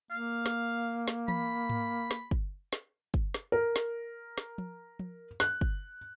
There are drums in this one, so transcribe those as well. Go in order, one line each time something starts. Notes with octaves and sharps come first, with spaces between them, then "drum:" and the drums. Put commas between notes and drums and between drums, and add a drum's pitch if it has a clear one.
A#3 F5
drum: snare
drum: snare
B5, drum: tom E3
drum: tom G#2
drum: snare
drum: kick
drum: snare
drum: kick
drum: snare
A#4
drum: snare
drum: snare
drum: tom F3
drum: tom F3
F#6, drum: snare
drum: kick